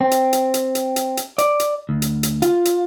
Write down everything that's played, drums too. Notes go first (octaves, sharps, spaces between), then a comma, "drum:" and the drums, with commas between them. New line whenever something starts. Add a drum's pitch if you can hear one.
C4
drum: hi-hat
drum: hi-hat
drum: hi-hat
drum: hi-hat
drum: hi-hat
drum: hi-hat
D5, drum: hi-hat
drum: hi-hat
D2
drum: hi-hat
drum: hi-hat
F4, drum: hi-hat
drum: hi-hat